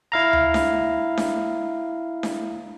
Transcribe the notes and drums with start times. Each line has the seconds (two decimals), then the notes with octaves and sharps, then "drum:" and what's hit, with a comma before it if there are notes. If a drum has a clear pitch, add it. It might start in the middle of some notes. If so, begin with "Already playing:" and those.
0.12 E4 F5 A#5
0.33 drum: tom D2
0.54 drum: snare D4
1.17 drum: snare D4
2.23 drum: snare D4